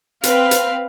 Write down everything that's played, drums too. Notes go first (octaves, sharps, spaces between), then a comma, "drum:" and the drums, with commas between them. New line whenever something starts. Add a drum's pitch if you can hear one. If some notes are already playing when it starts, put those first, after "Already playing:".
C4 B4 F5, drum: hi-hat
drum: hi-hat